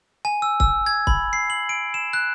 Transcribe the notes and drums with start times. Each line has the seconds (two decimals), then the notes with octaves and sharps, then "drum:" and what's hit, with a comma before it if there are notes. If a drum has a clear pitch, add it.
0.25 G#5
0.42 E6
0.60 E6, drum: kick
0.86 G#6
1.07 B5, drum: kick
1.33 C7
1.50 F#7
1.69 D7
1.94 E7
2.13 F#6